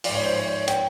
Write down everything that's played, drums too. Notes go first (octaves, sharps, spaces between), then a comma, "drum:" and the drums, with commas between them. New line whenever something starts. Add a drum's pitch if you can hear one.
G#2 F3 D5, drum: open hi-hat
C#5
C5
C#5
G5, drum: hi-hat